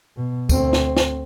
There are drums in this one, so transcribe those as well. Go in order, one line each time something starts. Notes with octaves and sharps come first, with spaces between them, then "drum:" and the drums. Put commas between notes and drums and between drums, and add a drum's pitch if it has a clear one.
B2
D2 C4, drum: kick, tambourine
drum: snare
drum: snare